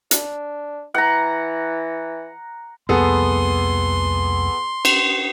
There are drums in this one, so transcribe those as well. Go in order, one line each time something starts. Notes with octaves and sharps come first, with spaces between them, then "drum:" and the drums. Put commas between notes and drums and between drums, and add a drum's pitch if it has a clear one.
D4, drum: hi-hat
E3 F#5 A#5
C2 F2 A#3 B3 G#4 A4 C6
drum: cymbal